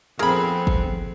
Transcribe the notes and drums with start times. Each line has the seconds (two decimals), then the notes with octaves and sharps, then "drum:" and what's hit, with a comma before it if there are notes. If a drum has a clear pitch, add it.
0.19 F2 B3 C4 G#4 A#4 B5
0.67 drum: kick